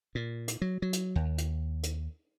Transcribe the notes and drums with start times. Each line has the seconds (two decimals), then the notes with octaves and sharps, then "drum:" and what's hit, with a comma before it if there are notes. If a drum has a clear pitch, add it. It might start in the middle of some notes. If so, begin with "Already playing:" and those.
0.15 A#2
0.48 drum: hi-hat
0.62 F#3
0.82 F#3
0.93 drum: hi-hat
1.16 D#2
1.38 drum: hi-hat
1.83 drum: hi-hat